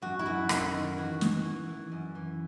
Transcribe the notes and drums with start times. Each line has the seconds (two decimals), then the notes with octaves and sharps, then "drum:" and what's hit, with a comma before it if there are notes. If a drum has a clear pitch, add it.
0.02 F#2 F#4
0.19 E4
0.26 F#2 F#4
0.49 D#3, drum: rim click
0.74 D#3
0.97 E3 F#4
1.21 E3, drum: snare
1.44 E3
1.67 E3
1.92 F#2
2.15 E3